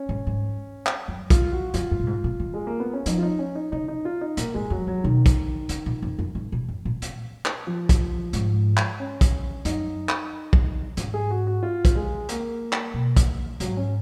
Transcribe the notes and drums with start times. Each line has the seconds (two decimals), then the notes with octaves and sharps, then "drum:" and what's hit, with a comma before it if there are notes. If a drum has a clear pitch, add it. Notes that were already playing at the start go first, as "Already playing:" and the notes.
Already playing: C#4
0.09 G#2
0.27 G#2
0.86 drum: clap
1.08 F#2
1.30 F4, drum: kick, hi-hat
1.52 F#4
1.74 F#2 F4, drum: hi-hat
1.91 F#2
2.00 A#2
2.07 G#2
2.24 A#2
2.40 D#3
2.54 G#3
2.67 A#3
2.80 B3
2.93 C#4
3.06 F3 D#4, drum: hi-hat
3.18 F4
3.22 D#4
3.39 C#4
3.55 D#4
3.72 C#3 D#4
3.88 D#4
4.05 F4
4.21 D#4
4.37 A#2 A#3, drum: hi-hat
4.54 G#2 G#3
4.70 F#2 F#3
4.87 F#2 F#3
5.04 B2 D#3
5.26 drum: kick, hi-hat
5.69 C#3, drum: hi-hat
5.86 A#2
6.02 F2
6.19 F#2
6.35 G#2
6.52 A#2
6.68 F#2
6.85 A#2
7.02 A#2, drum: hi-hat
7.45 drum: clap
7.67 F3
7.89 drum: kick, hi-hat
8.33 G#2, drum: hi-hat
8.77 drum: clap
9.00 C#4
9.21 drum: kick, hi-hat
9.65 F#2 D#4, drum: hi-hat
10.09 drum: clap
10.53 drum: kick
10.97 G#2, drum: hi-hat
11.14 G#4
11.30 F#4
11.47 F#4
11.63 F4
11.85 drum: kick, hi-hat
11.95 G#3
12.29 A#3, drum: hi-hat
12.73 drum: clap
12.94 B2
13.17 drum: kick, hi-hat
13.60 G#2 F#3, drum: hi-hat
13.77 C#4